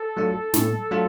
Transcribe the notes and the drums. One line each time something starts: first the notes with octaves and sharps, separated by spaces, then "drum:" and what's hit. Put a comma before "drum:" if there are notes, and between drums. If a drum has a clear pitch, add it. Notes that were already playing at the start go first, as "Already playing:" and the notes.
Already playing: A4
F#3 A3 D4 F4
A2, drum: snare
F#3 A3 D4 F4